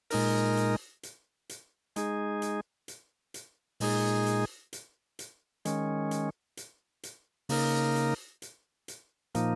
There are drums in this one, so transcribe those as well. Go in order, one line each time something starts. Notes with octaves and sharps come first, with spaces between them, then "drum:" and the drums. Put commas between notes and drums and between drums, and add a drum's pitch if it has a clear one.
A#2 G#3 D#4 A#4, drum: open hi-hat
drum: hi-hat
drum: hi-hat
drum: hi-hat
G#3 D#4 G#4, drum: hi-hat
drum: hi-hat
drum: hi-hat
drum: hi-hat
A#2 G#3 D#4 G#4, drum: open hi-hat
drum: hi-hat
drum: hi-hat
drum: hi-hat
D#3 G#3 C#4, drum: hi-hat
drum: hi-hat
drum: hi-hat
drum: hi-hat
C#3 A#3 D#4 A#4, drum: open hi-hat
drum: hi-hat
drum: hi-hat
drum: hi-hat
A#2 F3 A#3 D#4, drum: hi-hat